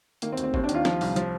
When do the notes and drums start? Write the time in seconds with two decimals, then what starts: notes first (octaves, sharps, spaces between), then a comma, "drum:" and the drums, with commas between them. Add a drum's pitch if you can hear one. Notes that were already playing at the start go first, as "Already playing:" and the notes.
0.22 D#3 A#3, drum: hi-hat
0.32 C4
0.37 D2, drum: hi-hat
0.44 C4
0.54 D#2 C4, drum: kick
0.64 D4
0.69 D#3, drum: hi-hat
0.74 F4
0.85 F3, drum: snare
1.01 C2, drum: open hi-hat
1.16 F3, drum: hi-hat